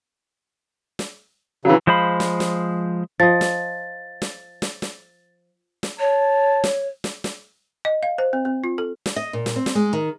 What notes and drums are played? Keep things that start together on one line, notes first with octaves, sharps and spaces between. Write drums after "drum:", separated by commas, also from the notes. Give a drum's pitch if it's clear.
drum: snare
C#3 E3 F#3
F3 G#3 C5 F5 B5
drum: snare
drum: snare
F3 D#5 A6
drum: snare
drum: snare
drum: snare
drum: snare
drum: snare
C#5 A5
drum: snare
drum: snare
drum: snare
D#5
F5
C5
C4
C4
F4
A4
drum: snare
D#5
A#2
drum: snare
C4
drum: snare
G#3
D#3